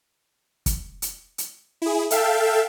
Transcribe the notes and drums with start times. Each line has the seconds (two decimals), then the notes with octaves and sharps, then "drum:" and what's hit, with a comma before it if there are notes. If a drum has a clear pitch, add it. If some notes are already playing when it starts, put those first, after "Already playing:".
0.66 drum: kick, hi-hat
1.02 drum: hi-hat
1.38 drum: hi-hat
1.82 E4 G#4
2.10 A4 E5 F5 G5 A5, drum: hi-hat